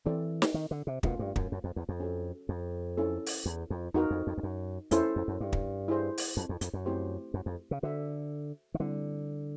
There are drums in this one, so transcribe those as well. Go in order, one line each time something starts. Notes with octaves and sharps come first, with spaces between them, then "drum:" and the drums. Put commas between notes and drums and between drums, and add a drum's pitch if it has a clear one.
E3 C4 E4 A4 D5
drum: snare
D#3
D3
C3
B2 A3 C#4 F4 A#4, drum: kick
G2
F#2, drum: kick
F#2
F2
E2
F2
C#4 F#4 A4
F2
C#4 E4 A4
drum: open hi-hat
E2
F2
E2 D#4 F#4 A#4
F2
F2
F2
F#2
E2 C#4 E4 A4 C5, drum: hi-hat
F2
F#2
G2
drum: kick
E4 G#4 C5
drum: open hi-hat
F2
F2
F2, drum: hi-hat
F#2
A3 C4 E4 G4 C5
F#2
F2
C#3
D3 F#4 A4 C5 E5
D#3
D3 G3 C4 E4